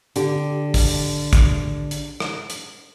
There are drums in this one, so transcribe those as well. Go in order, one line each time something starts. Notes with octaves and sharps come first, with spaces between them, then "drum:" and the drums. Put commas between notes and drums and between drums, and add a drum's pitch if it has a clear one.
D3 G4, drum: hi-hat
drum: kick, open hi-hat
drum: kick, hi-hat
drum: hi-hat
drum: rim click
drum: hi-hat